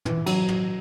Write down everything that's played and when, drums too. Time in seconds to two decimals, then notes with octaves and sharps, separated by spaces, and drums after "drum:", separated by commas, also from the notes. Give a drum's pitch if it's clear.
0.05 E3, drum: tom
0.26 F#3, drum: cymbal
0.48 drum: tom